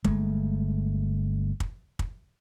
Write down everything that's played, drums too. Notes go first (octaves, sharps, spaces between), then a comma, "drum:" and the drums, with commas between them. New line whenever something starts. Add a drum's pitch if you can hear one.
G1 G#3 A3, drum: kick
drum: kick
drum: kick